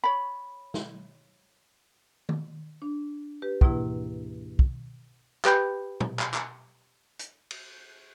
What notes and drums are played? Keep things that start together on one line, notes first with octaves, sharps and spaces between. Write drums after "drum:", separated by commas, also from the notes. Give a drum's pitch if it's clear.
C#5 B5
drum: snare
drum: tom D#3
D4
G4 B4
D2 G#2 B2 E3 A#3 E4, drum: kick
drum: kick
G4 B4 G5 B5 G6, drum: clap
drum: tom A#2
drum: clap
drum: clap
drum: hi-hat
drum: cymbal